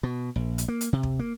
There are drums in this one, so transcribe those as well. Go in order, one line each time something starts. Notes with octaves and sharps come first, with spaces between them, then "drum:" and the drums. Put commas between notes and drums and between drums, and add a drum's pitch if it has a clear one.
B2
A#1
drum: hi-hat
A#3
drum: hi-hat
C3
drum: kick
A#3